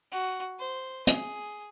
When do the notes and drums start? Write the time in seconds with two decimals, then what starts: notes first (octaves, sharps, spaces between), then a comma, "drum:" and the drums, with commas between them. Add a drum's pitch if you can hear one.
0.12 F#4
0.59 C5
1.07 G#4, drum: hi-hat